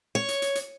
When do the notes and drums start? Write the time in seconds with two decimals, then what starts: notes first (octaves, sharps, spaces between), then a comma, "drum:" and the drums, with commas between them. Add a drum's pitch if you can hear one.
0.15 C#5
0.28 drum: hi-hat
0.42 drum: hi-hat
0.55 drum: hi-hat